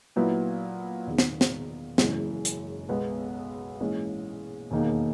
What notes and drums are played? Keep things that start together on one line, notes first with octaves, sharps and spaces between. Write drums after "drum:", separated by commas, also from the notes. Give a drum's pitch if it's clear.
A#2 F#3 B3 E4
E1 E2 D#3
drum: snare
drum: snare
F#1 F#2 E3 G#3, drum: snare
drum: hi-hat
B1 B2 G#3 B3
A#1 G#2 E3 G#3 C#4
E1 D#2 D#3 A#3 D#4